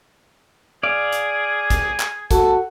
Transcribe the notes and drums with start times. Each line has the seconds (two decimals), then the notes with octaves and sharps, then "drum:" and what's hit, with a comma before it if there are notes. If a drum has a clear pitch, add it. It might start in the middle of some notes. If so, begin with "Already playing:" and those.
0.83 G#4 D5 F5
1.12 drum: hi-hat
1.70 drum: kick, hi-hat
1.99 drum: clap
2.31 F#4 A4, drum: kick, hi-hat